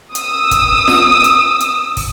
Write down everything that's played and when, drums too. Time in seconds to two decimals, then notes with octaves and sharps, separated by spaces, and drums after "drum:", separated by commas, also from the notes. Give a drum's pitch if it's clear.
0.15 D#6 E6, drum: hi-hat
0.51 drum: kick, hi-hat
0.88 drum: snare F4
1.24 drum: hi-hat
1.60 drum: hi-hat
1.97 drum: kick, open hi-hat